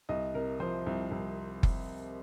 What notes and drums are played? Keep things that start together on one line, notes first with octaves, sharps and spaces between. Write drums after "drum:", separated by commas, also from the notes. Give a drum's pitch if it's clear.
C2 D#5
C3 A#4
F3 C5
C2
C2
drum: kick F#1